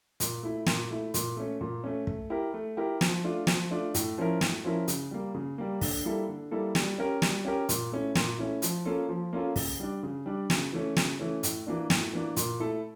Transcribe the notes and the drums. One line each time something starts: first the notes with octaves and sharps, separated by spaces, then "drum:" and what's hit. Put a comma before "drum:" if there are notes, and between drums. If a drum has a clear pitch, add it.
A#2, drum: hi-hat
A3 E4
A#2, drum: snare
A3 E4
A#2, drum: hi-hat
A3 C#4
A#2
A3 C#4
A3, drum: kick
E4 G4 A#4
A3
E4 G4 A#4
F3, drum: snare
A3 D4 F4
F3, drum: snare
A3 D4 F4
A2, drum: hi-hat
F3 C#4 E4 A#4
A2, drum: snare
F3 C#4 E4 A#4
C#3, drum: hi-hat
G3 A#3
C#3
G3 A#3
D3, drum: kick, open hi-hat
G3 A#3 E4 A4
D3
G3 A#3 E4 A4
G3, drum: snare
C#4 G4 A#4
G3, drum: snare
C#4 G4 A#4
A#2, drum: hi-hat
A3 C#4 E4
A#2, drum: snare
A3 C#4 E4
F3, drum: hi-hat
A#3 C#4 F4 A4
F3
A#3 C#4 F4 A4
C#3, drum: kick, open hi-hat
G3 D4
C#3
G3 D4
C#3, drum: snare
E3 A3 C#4
C#3, drum: snare
E3 A3 C#4
A2, drum: hi-hat
E3 A#3 D4
A2, drum: snare
E3 A#3 D4
A#2, drum: hi-hat
A3 E4 A4